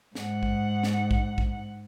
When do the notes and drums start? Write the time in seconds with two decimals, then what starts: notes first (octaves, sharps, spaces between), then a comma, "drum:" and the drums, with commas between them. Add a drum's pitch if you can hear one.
0.15 G#2 F#5, drum: snare
0.43 drum: kick A#1
0.83 drum: snare
1.11 drum: kick A#1
1.38 drum: kick A#1